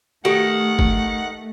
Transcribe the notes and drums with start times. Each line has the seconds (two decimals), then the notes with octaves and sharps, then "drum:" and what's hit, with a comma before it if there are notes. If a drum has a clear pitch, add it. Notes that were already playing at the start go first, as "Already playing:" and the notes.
0.25 D#3 A3 G4 A4 F#5
0.79 drum: kick